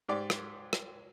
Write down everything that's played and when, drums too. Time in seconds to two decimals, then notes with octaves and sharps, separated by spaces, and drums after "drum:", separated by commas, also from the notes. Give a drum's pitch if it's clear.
0.09 G#2 G4 D5
0.30 drum: rim click
0.73 drum: rim click